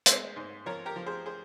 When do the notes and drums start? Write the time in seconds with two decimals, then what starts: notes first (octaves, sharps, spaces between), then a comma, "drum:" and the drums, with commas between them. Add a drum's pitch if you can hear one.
0.06 G#3 C5 E5, drum: hi-hat
0.36 G#2
0.66 F3 A#4 C#5
0.86 G4 A#4
0.96 F3
1.06 G#4 C5
1.26 G#4 C5